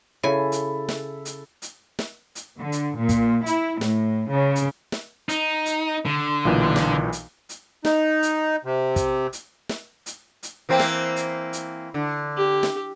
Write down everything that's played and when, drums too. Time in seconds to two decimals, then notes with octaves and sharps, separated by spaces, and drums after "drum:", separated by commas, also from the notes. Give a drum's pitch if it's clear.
0.23 C#3 E4 A4 G#5
0.52 drum: hi-hat
0.89 drum: snare
1.25 drum: hi-hat
1.62 drum: hi-hat
1.99 drum: snare
2.35 drum: hi-hat
2.60 D3
2.72 drum: hi-hat
2.99 A#2
3.09 drum: kick, hi-hat
3.46 E4, drum: hi-hat
3.81 A2, drum: snare
4.32 C#3
4.56 drum: hi-hat
4.92 drum: snare
5.29 D#4, drum: hi-hat
5.66 drum: hi-hat
6.06 D3
6.45 B1 A#2 E3
6.76 drum: snare
7.12 drum: hi-hat
7.49 drum: hi-hat
7.85 D#4, drum: snare
8.23 drum: hi-hat
8.65 C3
8.96 drum: kick, hi-hat
9.33 drum: hi-hat
9.69 drum: snare
10.06 drum: hi-hat
10.43 drum: hi-hat
10.69 E3 A#3 C4
10.79 drum: snare
11.16 drum: hi-hat
11.53 drum: hi-hat
11.94 D3
12.37 G4
12.63 drum: snare